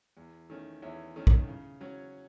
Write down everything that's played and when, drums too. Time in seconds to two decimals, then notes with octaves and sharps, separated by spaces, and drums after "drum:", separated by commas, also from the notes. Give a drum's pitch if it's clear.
0.17 E2
0.50 D#3 A3 C#4
0.82 E2 C#5 E5
1.16 D#3 A3 C#4
1.27 drum: kick
1.48 C#3
1.81 F#3 C#4